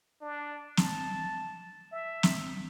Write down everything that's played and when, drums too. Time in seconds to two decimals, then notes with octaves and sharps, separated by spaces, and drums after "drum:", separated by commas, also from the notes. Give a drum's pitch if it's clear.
0.21 D4
0.77 A5, drum: snare
1.92 E5
2.23 drum: snare